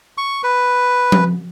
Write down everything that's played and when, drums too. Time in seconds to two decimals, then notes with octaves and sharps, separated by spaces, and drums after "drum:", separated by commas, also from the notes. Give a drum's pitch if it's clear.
0.18 C#6
0.44 B4
1.12 drum: tom F3